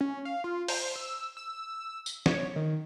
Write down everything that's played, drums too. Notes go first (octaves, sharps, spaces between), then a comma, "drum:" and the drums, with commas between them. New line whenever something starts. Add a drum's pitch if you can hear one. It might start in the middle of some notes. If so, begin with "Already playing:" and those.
C#4
F5
F4
C5, drum: open hi-hat
E6
E6
drum: tambourine
C#5, drum: snare
D#3